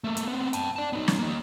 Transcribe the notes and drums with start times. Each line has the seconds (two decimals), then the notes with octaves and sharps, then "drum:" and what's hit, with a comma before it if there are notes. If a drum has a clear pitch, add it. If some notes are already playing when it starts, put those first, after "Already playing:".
0.04 A3 A#3
0.17 drum: hi-hat
0.28 B3 C4
0.53 G5 A5, drum: hi-hat
0.76 D5 A5
0.93 B3 D#4
1.08 drum: snare
1.19 A#3 D#4